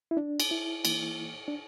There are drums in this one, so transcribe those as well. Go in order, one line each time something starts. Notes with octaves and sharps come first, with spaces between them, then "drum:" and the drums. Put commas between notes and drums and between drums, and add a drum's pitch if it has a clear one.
E4
D4
drum: cymbal
E4
E3 A#3, drum: cymbal
D4